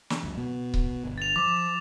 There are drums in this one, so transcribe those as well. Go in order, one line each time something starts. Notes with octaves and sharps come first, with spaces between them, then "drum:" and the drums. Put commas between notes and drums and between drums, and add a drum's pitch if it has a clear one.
drum: snare
C#2 F#2
B2
drum: kick C#1
G1
A6 F7
F3 D6